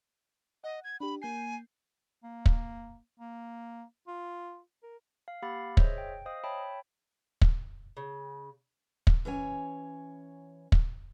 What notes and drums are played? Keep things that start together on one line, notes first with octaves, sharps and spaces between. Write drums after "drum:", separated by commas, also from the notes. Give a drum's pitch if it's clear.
D#5 F#5
G#6
D4 G4 B5
A#3 G#5 G6 C7
A#3
drum: kick
A#3
F4
A#4
F5
A#3 G4 F5 F#5 B5 A6
G#4 C5 C#5 D#5 E5, drum: kick
G5
C5 D#5 F5 D#6
C#5 E5 G5 A5 B5
drum: kick
C#3
drum: kick
E3 C#4 C#5 G#5
drum: kick